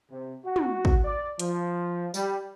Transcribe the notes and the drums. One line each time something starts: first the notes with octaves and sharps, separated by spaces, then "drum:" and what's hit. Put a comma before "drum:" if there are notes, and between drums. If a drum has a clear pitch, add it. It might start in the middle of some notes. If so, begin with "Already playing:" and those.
C3
F#4
drum: tom
drum: kick
D5
F3, drum: hi-hat
G3, drum: tambourine